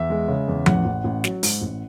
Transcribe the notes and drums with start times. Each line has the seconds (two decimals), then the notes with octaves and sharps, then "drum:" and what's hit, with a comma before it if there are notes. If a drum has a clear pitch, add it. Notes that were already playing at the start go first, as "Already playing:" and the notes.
Already playing: E2 E5
0.10 G#3
0.28 C#3
0.48 E2
0.66 A1 F#5, drum: tom F3
0.85 A1
1.04 A1
1.24 F#3, drum: snare
1.43 G#2, drum: open hi-hat
1.61 A1